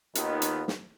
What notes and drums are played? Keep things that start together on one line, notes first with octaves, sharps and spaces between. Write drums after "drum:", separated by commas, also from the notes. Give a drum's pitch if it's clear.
D#2 D#3 B3 D#4 F4, drum: hi-hat
drum: hi-hat
drum: snare